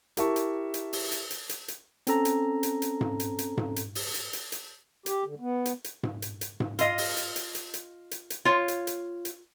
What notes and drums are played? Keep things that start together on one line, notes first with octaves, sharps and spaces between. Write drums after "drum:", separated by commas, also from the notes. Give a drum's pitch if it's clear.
E4 G4 A#4 E5 A5 C#6, drum: hi-hat
drum: hi-hat
drum: hi-hat
drum: open hi-hat
drum: hi-hat
drum: hi-hat
drum: hi-hat
drum: hi-hat
C4 C#4 A4 A#5, drum: hi-hat
drum: hi-hat
drum: hi-hat
drum: hi-hat
drum: tom G#2
drum: hi-hat
drum: hi-hat
drum: tom G#2
drum: hi-hat
drum: open hi-hat
drum: hi-hat
drum: hi-hat
drum: hi-hat
G4, drum: hi-hat
D3
B3
drum: hi-hat
drum: hi-hat
drum: tom G#2
drum: hi-hat
drum: hi-hat
drum: tom G#2
F4 D#5, drum: hi-hat
drum: open hi-hat
drum: hi-hat
drum: hi-hat
drum: hi-hat
drum: hi-hat
drum: hi-hat
drum: hi-hat
F4 C#5
drum: hi-hat
drum: hi-hat
drum: hi-hat